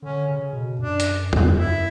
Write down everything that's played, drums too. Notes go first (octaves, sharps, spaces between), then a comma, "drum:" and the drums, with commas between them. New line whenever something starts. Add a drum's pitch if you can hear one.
D3 C#4
C#3
B2
F#2 D4
drum: hi-hat
drum: tom E2
E4